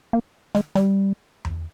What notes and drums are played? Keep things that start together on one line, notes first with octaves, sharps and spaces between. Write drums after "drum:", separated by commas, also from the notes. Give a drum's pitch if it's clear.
A#3
G#3, drum: snare
G3, drum: snare
drum: tom E2